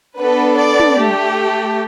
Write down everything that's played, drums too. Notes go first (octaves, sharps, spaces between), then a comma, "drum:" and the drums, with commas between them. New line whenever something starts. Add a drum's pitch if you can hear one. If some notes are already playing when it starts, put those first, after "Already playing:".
B3 D4 A4 B4
D5
drum: tom
A3 G4